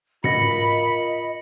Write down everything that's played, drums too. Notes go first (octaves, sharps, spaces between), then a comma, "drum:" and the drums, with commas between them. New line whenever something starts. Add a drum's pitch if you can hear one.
F4 A#4 D#5 B5 A#6 C#7, drum: tom